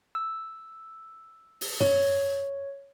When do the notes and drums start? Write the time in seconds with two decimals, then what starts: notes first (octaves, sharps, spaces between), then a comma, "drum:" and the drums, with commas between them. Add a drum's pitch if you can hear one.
0.15 E6
1.61 drum: open hi-hat
1.80 C#5, drum: tom